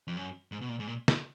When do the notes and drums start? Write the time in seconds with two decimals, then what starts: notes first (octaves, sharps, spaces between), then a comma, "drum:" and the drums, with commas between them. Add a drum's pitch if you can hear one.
0.07 F2
0.17 F#2
0.52 G#2
0.61 B2
0.69 A#2
0.80 G#2
0.87 A#2
1.08 drum: snare